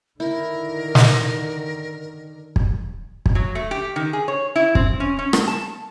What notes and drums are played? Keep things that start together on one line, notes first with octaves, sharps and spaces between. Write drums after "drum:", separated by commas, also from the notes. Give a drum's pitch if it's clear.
D3 D#3 E4 A#4
drum: snare
drum: kick
drum: kick
F#3
A3
G4
D#3
G#4
C#5
E4
C4, drum: kick
C#4
C#4
drum: rim click
A5